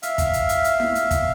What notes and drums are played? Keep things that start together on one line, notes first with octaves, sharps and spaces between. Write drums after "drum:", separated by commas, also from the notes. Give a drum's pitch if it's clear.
E5 F5, drum: hi-hat
drum: kick, hi-hat
drum: hi-hat
drum: hi-hat
drum: hi-hat
drum: snare E4
drum: hi-hat
drum: kick, hi-hat